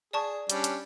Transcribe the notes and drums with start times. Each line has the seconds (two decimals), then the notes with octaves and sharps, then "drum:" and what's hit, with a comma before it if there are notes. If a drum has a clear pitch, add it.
0.13 G#4 D5 A5 C#6
0.50 G3 C#4 D4, drum: hi-hat
0.64 drum: hi-hat